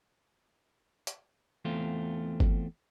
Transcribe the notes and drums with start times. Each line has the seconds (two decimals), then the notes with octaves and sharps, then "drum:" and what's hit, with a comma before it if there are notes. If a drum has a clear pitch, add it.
1.07 drum: hi-hat
1.65 E2 A3 C4 F4
2.40 drum: kick G1